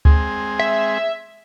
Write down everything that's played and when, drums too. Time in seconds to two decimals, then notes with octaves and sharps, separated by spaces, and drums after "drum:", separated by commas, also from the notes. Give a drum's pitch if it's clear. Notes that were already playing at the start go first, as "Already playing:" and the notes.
0.05 G#3 C4 G#4, drum: kick C#2
0.59 E5